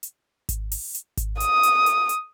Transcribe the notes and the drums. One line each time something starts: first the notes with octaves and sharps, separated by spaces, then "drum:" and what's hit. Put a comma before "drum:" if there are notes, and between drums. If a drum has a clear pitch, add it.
drum: hi-hat
drum: kick G#1, hi-hat
drum: open hi-hat
drum: hi-hat
drum: kick G#1, hi-hat
D#6, drum: hi-hat
drum: hi-hat
drum: hi-hat
drum: hi-hat